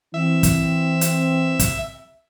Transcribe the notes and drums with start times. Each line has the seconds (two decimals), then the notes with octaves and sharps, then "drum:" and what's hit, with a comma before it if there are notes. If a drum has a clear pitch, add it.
0.14 E3 C4 E5
0.43 drum: kick, hi-hat
1.01 drum: hi-hat
1.59 drum: kick, hi-hat